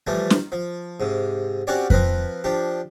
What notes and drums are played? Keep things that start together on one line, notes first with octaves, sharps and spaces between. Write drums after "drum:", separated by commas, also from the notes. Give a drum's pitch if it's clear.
E3 F3 G3 A3
drum: snare
F3
G#2 C3
C4 C#4 F#4 G4 C#5 D5
F3 C4 A#4 B4, drum: kick F2
F3 D4 G4